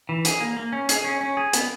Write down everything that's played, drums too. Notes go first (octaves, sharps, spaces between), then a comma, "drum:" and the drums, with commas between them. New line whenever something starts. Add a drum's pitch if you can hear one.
E3
G#4, drum: hi-hat
A#3
A#3
C#4
G#4, drum: hi-hat
C#4
C#4
G#4
B3, drum: hi-hat